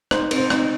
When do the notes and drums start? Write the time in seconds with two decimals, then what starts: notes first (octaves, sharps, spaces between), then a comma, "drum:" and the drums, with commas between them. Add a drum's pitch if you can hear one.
0.11 D#4 C5, drum: rim click
0.31 C4, drum: cymbal
0.38 C5
0.50 D#4, drum: rim click